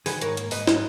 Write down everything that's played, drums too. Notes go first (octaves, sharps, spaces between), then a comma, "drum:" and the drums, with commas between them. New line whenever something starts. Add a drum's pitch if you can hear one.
D#3 G#4 B4, drum: open hi-hat
G#2 A#4 C#5, drum: hi-hat
A#3, drum: hi-hat
G#2 B4 D#5, drum: open hi-hat
F#3, drum: snare